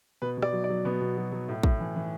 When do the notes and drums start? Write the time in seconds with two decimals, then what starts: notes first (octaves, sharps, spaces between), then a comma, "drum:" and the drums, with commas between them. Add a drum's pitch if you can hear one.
0.22 B2 B4
0.37 B2
0.43 D5, drum: rim click
0.53 F#3
0.64 D5
0.69 F#3
0.85 B2 B3
1.01 B2
1.17 F#3
1.32 F#3
1.48 A2
1.63 A2, drum: kick
1.80 E3
1.96 E3